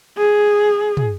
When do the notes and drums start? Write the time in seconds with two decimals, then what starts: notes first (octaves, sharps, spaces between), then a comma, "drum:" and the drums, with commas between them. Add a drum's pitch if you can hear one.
0.17 G#4
0.97 drum: tom